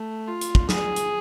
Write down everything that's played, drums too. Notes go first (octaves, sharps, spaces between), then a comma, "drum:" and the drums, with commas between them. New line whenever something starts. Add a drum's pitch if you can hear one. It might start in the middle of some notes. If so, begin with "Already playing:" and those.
Already playing: A3
F4
drum: hi-hat
drum: kick
G#4, drum: snare
drum: hi-hat